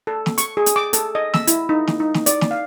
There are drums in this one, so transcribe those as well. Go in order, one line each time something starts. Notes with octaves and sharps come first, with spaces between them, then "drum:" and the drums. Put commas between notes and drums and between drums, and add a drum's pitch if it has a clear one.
A4
drum: snare
C#6, drum: hi-hat
G#4
drum: hi-hat
D6
A4, drum: hi-hat
D#5
E6, drum: snare
E4, drum: hi-hat
D#4
drum: snare
D#4
drum: snare
D5, drum: hi-hat
drum: snare
F5